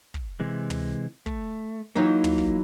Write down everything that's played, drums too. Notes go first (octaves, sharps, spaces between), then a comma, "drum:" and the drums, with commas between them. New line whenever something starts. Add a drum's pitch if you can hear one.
drum: kick
C3 E3 G#3
drum: tom
A3, drum: kick
E3 F#3 A#3 D#4 F4
drum: tom
drum: kick